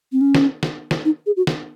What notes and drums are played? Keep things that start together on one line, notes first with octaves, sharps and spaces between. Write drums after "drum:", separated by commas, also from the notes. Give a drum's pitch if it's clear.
C4
C#4
drum: snare
drum: snare
drum: snare
D#4
G#4
F#4
drum: snare